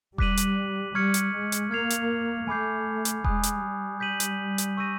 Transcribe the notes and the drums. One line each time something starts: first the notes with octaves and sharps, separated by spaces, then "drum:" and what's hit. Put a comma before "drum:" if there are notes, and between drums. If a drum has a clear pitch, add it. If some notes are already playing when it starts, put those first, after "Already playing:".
G3 D6 F#6 B6 D#7 F#7, drum: kick E1
drum: hi-hat
G3 C#6 F6 G#6 C#7
drum: hi-hat
G#3
drum: hi-hat
A#3 F6 G#6 C7 F7
drum: hi-hat
A3 G#5 B5 D6 G6 C7
drum: hi-hat
G#3 G#5 B5 D#6 F#6, drum: kick E1
drum: hi-hat
G3
G6 B6 D#7 F#7
drum: hi-hat
drum: hi-hat
C#6 E6 G6 A#6 D#7